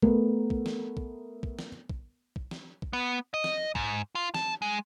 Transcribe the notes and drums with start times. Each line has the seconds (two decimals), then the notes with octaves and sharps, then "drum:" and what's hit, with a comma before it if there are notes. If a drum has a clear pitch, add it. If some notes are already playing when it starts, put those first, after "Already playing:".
0.02 A3 B3 A#4, drum: kick
0.50 drum: kick
0.66 drum: snare
0.97 drum: kick
1.43 drum: kick
1.59 drum: snare
1.90 drum: kick
2.36 drum: kick
2.51 drum: snare
2.82 drum: kick
2.93 B3
3.34 D#5
3.44 drum: snare
3.75 G#2, drum: kick
4.15 F4
4.34 A5, drum: snare
4.62 G#3